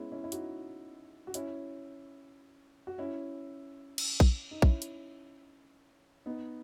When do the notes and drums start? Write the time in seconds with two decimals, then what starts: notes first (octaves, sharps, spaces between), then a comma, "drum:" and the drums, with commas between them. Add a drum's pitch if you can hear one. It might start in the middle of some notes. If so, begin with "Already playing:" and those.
Already playing: G#3 B3 C#4 E4
0.11 C#4 E4
0.24 E4
0.32 D#4 F#4, drum: hi-hat
1.27 F#4
1.34 C#4 E4, drum: hi-hat
2.87 F#4
2.98 C#4 E4
3.98 drum: cymbal
4.20 drum: kick A#1
4.51 D#4
4.62 C#4 E4, drum: kick A#1
4.82 drum: hi-hat
6.26 B3 D#4